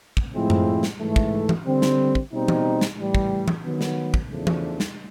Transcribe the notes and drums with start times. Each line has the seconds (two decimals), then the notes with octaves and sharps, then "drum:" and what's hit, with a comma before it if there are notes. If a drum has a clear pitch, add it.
0.17 drum: kick
0.33 A2 F3 G#3 C4 E4
0.50 drum: tom F#2
0.83 drum: snare
0.99 G#2 E3 A3
1.16 drum: kick
1.49 drum: tom E3
1.66 D3 G3 C4
1.82 drum: snare
2.15 drum: kick
2.32 B2 G3 C4 D#4
2.48 drum: tom E3
2.81 drum: snare
2.98 A2 E3 G3
3.15 drum: kick
3.48 drum: tom E3
3.64 D#3 F#3 B3
3.81 drum: snare
4.14 drum: kick
4.30 E2 C#3 F3 A3 D4
4.47 drum: tom E3
4.80 drum: snare